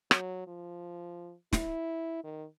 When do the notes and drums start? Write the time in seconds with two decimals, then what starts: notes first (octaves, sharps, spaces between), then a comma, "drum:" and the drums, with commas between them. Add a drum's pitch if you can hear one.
0.11 F#3, drum: rim click
0.47 F3
1.53 E4, drum: snare
2.24 D#3